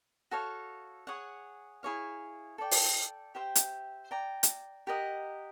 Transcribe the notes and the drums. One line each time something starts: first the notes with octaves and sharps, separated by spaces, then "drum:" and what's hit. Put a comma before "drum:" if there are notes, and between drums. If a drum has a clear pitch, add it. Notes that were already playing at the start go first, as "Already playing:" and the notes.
F#4 A4 C#5 F5
G#4 C#5 F#5
E4 G#4 C#5 F5
A4 D5 G5
drum: open hi-hat
G4 C5 E5 G5
drum: hi-hat
D5 G5 A#5
drum: hi-hat
G4 A#4 D#5 F#5